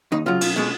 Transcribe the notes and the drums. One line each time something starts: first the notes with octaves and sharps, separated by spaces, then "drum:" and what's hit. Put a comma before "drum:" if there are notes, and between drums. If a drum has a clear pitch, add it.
D#2 D#4
C#3 F#3 F4
B1, drum: cymbal
B2 G#3